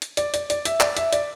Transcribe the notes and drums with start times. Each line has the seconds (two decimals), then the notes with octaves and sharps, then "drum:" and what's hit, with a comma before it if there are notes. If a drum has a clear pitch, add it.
0.02 drum: hi-hat
0.17 D5, drum: hi-hat
0.34 D5, drum: hi-hat
0.50 D5, drum: hi-hat
0.65 E5, drum: hi-hat
0.80 D5, drum: clap
0.97 E5, drum: hi-hat
1.13 D5, drum: hi-hat